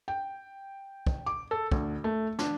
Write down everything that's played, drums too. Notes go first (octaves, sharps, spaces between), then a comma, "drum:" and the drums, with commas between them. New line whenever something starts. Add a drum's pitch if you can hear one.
G5
drum: kick
D6
A4
D2, drum: kick
A3
D4, drum: snare